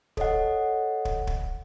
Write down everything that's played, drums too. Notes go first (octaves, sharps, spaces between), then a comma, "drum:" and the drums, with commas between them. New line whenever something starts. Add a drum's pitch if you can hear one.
A4 C#5 D#5 F#5, drum: kick
drum: kick
drum: kick